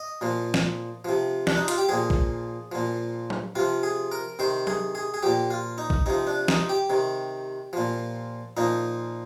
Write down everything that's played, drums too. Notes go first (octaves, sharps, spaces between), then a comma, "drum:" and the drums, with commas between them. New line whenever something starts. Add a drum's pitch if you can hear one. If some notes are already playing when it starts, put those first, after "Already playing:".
Already playing: D#5
A#2 F3
drum: snare
C3 F3
D4, drum: snare
D#4
F4, drum: hi-hat
G4
A#2 F3 G#4
drum: kick
A#2 F3
drum: tom F#3
C3 F3 F4
G#4
A#4
C3 D#3 C5
G#4, drum: tom F#3
G#4
G#4
A#2 F3 G4
F4
D#4
drum: kick
C3 F3 D#4
D4
D#4, drum: snare
G4
C3 D#3
A#2 F3
A#2 F3 D#4